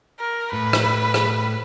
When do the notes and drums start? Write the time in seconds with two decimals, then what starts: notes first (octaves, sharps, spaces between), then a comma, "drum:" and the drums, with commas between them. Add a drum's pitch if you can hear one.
0.20 A#4
0.53 A2 B4
0.73 drum: rim click
1.14 drum: rim click